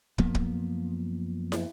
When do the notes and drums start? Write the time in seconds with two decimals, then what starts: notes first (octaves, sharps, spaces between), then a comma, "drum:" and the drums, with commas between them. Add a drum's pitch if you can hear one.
0.18 F#2 F3 A#3 B3, drum: kick
0.35 drum: kick
1.52 drum: snare